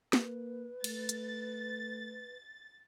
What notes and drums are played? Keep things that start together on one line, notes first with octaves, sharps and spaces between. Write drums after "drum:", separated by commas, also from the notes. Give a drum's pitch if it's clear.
A#3 B4, drum: snare
A3 A6, drum: cymbal
drum: hi-hat